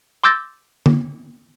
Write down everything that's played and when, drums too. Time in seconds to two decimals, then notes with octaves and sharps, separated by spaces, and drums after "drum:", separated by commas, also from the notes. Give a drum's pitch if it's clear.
0.24 C6 D6 E6 G6 A6 A#6
0.86 drum: tom D3